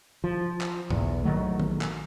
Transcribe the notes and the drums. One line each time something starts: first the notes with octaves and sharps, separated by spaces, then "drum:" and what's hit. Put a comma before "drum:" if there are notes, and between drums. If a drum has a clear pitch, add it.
F3
drum: clap
B1 E2, drum: tom G#2
A#1 D#3 F#3 A3
drum: tom D#3
drum: clap